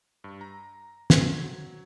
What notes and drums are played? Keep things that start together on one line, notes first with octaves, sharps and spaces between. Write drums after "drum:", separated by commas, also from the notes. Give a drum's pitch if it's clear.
G2
A#5
G#6, drum: snare
F#3